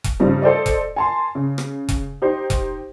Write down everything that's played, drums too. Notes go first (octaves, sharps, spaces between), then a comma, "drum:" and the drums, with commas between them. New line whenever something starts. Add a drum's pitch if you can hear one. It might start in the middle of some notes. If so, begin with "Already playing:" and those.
drum: kick E1, hi-hat
G2 C#3 F3 G3 C4 D#4
A4 C5 D5 D#5
drum: kick E1, hi-hat
G#5 A5 C6
C#3
drum: rim click
drum: kick E1, hi-hat
D#4 G4 C5
drum: kick E1, hi-hat